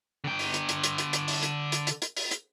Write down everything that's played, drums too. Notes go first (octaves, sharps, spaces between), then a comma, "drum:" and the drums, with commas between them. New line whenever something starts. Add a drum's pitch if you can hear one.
D3 G5
drum: open hi-hat
drum: hi-hat
drum: hi-hat
drum: hi-hat
drum: hi-hat
drum: hi-hat
drum: open hi-hat
drum: hi-hat
drum: hi-hat
drum: hi-hat
drum: hi-hat
drum: open hi-hat
drum: hi-hat